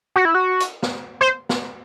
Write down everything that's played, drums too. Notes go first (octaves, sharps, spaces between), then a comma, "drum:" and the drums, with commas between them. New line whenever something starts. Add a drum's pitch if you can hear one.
F#4
E4
F#4
drum: hi-hat
drum: snare
C5
drum: snare